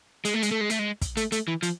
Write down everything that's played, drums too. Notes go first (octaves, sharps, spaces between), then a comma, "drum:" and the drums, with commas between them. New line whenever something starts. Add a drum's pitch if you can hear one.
G#3, drum: hi-hat
A3
G#3, drum: hi-hat
A3
G#3
A3, drum: hi-hat
G#3
drum: kick, hi-hat
A3, drum: hi-hat
A3, drum: hi-hat
E3
F3, drum: hi-hat